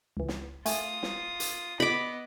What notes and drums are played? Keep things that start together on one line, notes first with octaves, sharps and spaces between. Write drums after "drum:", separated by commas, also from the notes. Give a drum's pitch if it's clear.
C#2 E3
drum: snare
A3 F4 G#5 D#6, drum: hi-hat
drum: snare
drum: hi-hat
B3 D#5 B5 D6